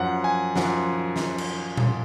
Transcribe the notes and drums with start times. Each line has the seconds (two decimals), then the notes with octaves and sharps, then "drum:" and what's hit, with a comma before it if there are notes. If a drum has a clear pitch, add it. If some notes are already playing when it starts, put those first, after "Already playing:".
Already playing: F#2 F3 F#5
0.24 G#5
0.56 F#2 F3 F#5, drum: snare
1.16 drum: snare
1.38 drum: cymbal
1.77 drum: tom A#2